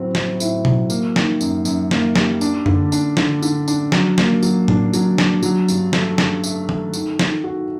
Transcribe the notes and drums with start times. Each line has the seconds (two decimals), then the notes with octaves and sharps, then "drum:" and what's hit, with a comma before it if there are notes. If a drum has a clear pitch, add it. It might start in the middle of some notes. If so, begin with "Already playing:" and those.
Already playing: A2 F#3 C4
0.15 F#3, drum: snare
0.40 A2, drum: tambourine
0.65 F#3, drum: tom B2
0.90 A#3, drum: tambourine
1.16 D#3, drum: snare
1.41 F#2, drum: tambourine
1.65 F#2, drum: tambourine
1.91 A#3, drum: snare
2.15 G3, drum: snare
2.41 D4, drum: tambourine
2.66 D3, drum: tom F#2
2.92 D4, drum: tambourine
3.17 D3, drum: snare
3.42 D3, drum: tambourine
3.68 D4, drum: tambourine
3.92 F#3, drum: snare
4.18 A#3, drum: snare
4.43 F#3, drum: tambourine
4.68 D4, drum: tom A2
4.93 F#3, drum: tambourine
5.18 D4, drum: snare
5.43 F#3, drum: tambourine
5.68 G2, drum: tambourine
5.93 A3, drum: snare
6.18 G2, drum: snare
6.44 A3, drum: tambourine
6.69 A3, drum: tom D#3
6.93 D#3, drum: tambourine
7.19 D#3, drum: snare
7.44 F#4